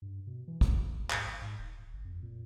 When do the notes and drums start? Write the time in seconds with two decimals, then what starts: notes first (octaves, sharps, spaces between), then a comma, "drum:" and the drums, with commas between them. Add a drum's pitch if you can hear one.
0.02 G2
0.27 B2
0.48 E3
0.61 D#2, drum: kick
0.93 G#1
1.10 G#2, drum: clap
1.26 A1
1.42 G#2
1.58 D#1
1.93 G1
2.05 F2
2.23 A#2